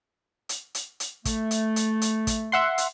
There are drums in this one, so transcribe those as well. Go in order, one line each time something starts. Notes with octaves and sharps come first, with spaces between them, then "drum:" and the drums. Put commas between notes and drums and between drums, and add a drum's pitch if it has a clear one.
drum: hi-hat
drum: hi-hat
drum: hi-hat
A3, drum: kick, hi-hat
drum: hi-hat
drum: hi-hat
drum: hi-hat
drum: kick, hi-hat
E5 F#5 C6
drum: hi-hat